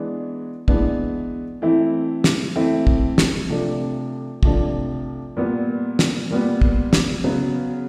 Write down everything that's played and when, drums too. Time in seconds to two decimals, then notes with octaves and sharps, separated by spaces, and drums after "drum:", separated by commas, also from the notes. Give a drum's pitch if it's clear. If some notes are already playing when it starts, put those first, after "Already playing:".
Already playing: E3 G#3 B3 D4
0.68 E3 G#3 B3 D4, drum: kick
1.62 E3 A3 C4 E4
2.24 drum: snare
2.56 E3 A3 C4 E4
2.87 drum: kick
3.18 drum: snare
3.49 C3 F3 A3 D4
4.43 C3 F3 A3 D4, drum: kick
5.37 A#2 G3 B3
5.99 drum: snare
6.30 A#2 G3 B3
6.61 drum: kick
6.93 drum: snare
7.24 C#3 F#3 B3